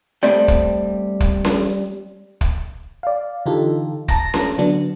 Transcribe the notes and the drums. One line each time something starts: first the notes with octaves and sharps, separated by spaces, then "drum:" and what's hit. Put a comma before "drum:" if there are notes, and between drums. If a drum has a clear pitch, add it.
G3 A3 B3 C4 D5 G5
drum: kick
drum: kick
drum: snare C#4
drum: kick
D5 F5
D3 E3 D#4 F4 G4 A4
A5 A#5 A#6, drum: kick
drum: snare C#4
D3 F#3 B3 D4